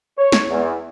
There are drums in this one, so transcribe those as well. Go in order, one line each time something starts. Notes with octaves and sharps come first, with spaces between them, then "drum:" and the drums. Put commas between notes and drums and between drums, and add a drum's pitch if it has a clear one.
C#5
drum: snare
E2